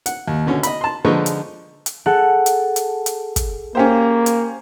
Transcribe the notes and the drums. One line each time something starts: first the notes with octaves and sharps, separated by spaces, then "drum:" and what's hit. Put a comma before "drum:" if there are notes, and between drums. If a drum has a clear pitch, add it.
F#5, drum: hi-hat
D#2
B2 D3 C#4
D#5 B5, drum: hi-hat
A5 C6
D3 F3 G#3 D#4 B4 C#6
drum: hi-hat
drum: hi-hat
G#4 A4 F#5
drum: hi-hat
drum: hi-hat
drum: hi-hat
drum: kick, hi-hat
A#3 C#4 G4 C5
drum: hi-hat